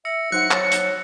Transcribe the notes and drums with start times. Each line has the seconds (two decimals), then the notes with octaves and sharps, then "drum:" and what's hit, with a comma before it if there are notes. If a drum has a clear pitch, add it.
0.05 E5 E6 A#6 C#7
0.32 F#3 D#4 C5 F#5 F#6 C#7
0.51 C#5 A6, drum: clap
0.72 drum: hi-hat